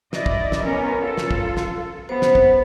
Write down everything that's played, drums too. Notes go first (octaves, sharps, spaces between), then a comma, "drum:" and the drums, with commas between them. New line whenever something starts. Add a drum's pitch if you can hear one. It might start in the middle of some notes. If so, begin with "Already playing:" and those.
E4 D5 D#5, drum: snare
drum: kick
drum: snare
B3 C#4 A#4
F4 A4
drum: snare
drum: kick
drum: snare
B3 C5
drum: snare
drum: kick